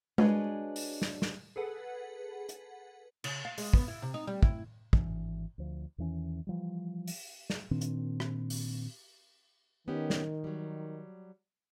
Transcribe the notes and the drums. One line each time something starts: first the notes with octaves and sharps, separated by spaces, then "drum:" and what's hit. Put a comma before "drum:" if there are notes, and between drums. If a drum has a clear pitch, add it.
D4 F#4 G#4 B4 C#5 D#5, drum: tom G#3
drum: open hi-hat
drum: snare
drum: snare
G#4 A4 B4 F#5
drum: hi-hat
C#3, drum: cymbal
F5
G#3, drum: open hi-hat
B3, drum: kick
E4
C3
D#4
G3
E4, drum: kick
G#1 E3 D4, drum: kick
D2 F3
E2 D#3 E3 C#4
E3 F3 G3
drum: open hi-hat
drum: snare
A#2 D#3 C4 D4
drum: hi-hat
drum: rim click
drum: open hi-hat
D#3 B3 C#4 G4
drum: snare
F#3 G3